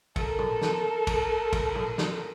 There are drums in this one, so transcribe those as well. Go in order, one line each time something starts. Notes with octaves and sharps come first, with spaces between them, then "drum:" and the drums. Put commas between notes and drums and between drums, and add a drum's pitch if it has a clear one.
A4 A#4, drum: kick, cymbal
drum: tom
drum: snare
drum: kick, cymbal
drum: kick, cymbal
drum: tom
drum: snare